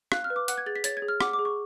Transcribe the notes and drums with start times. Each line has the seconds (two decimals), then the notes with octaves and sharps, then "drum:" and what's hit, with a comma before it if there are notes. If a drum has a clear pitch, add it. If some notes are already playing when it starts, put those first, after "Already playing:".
0.12 F5 F#6, drum: rim click
0.24 F6
0.30 B4
0.36 D6
0.48 F#5 F#6, drum: hi-hat
0.58 G#6
0.66 G#4 A6
0.76 B6
0.84 C#5 A6, drum: hi-hat
0.97 G#6
1.02 G#4
1.08 F6
1.21 F#5 D6, drum: rim click
1.33 D6
1.39 G#4
1.45 C#6